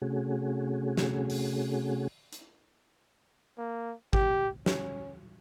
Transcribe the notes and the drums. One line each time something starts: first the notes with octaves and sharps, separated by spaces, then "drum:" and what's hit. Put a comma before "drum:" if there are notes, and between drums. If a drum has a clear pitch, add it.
C3 A3 C#4 F#4 G#4
drum: snare
drum: open hi-hat
drum: hi-hat
A#3
G4, drum: kick G#1
C#4, drum: snare